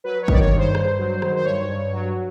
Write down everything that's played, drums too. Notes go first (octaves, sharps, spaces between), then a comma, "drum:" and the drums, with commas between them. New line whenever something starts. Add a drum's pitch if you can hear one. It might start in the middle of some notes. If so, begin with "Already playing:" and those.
F#3 B4
C#5
D#3, drum: kick G1
D5
C#5
G2
C5
G2, drum: rim click
F#3
D#3, drum: rim click
C5
G2 C#5
G2
F#3